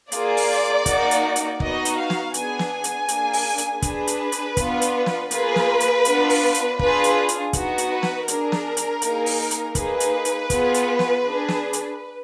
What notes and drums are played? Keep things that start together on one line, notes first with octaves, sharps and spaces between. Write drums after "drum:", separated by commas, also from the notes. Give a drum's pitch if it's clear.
A#3 F4 G#4 D5, drum: hi-hat
drum: open hi-hat
A#3 D#4 F#4, drum: kick, hi-hat
drum: hi-hat
drum: hi-hat
B3 D#4 F#4 D#5, drum: kick
drum: hi-hat
F5
drum: snare
B3 D4 G#4 G#5, drum: hi-hat
drum: snare
G#5
drum: hi-hat
A#3 D4 G#4, drum: hi-hat
drum: open hi-hat
drum: hi-hat
D4 G#4 B4, drum: kick, hi-hat
drum: hi-hat
drum: hi-hat
B3 D4 F4, drum: kick, hi-hat
drum: hi-hat
drum: snare
A#3 F4 G#4 B4, drum: hi-hat
drum: snare
drum: hi-hat
B3 D4 F4, drum: hi-hat
drum: open hi-hat
drum: hi-hat
D4 F4 G#4 B4, drum: kick
drum: hi-hat
drum: hi-hat
B3 D#4 F#4, drum: kick, hi-hat
drum: hi-hat
B4
drum: snare
D4 G#4 A#4, drum: hi-hat
drum: snare
drum: hi-hat
A#3 D#4 G#4, drum: hi-hat
drum: open hi-hat
drum: hi-hat
A#3 D#4 G#4 B4, drum: kick, hi-hat
drum: hi-hat
drum: hi-hat
B3 F4 G#4, drum: kick, hi-hat
drum: hi-hat
drum: snare
D4 G#4
drum: snare
drum: hi-hat